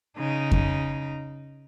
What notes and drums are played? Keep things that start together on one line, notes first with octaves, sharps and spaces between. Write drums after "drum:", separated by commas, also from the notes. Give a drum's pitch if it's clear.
C#3 D#4
drum: kick F2